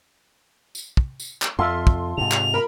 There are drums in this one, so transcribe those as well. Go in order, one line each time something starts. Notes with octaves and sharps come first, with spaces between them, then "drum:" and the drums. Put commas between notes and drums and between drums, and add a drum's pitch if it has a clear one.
drum: tambourine
drum: kick
drum: tambourine
drum: clap
F2 F4 A4 E5 C6
drum: kick
G#2 C3 F7
drum: clap
A#4 B5